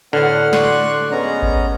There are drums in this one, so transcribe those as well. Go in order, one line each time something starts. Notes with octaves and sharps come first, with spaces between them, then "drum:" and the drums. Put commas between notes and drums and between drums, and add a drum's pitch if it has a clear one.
A2 D3 B3 F#4 F#5 F6
D5 C6 C#6 F#6, drum: snare
G#3 B3 C#4 A#5
drum: kick G#1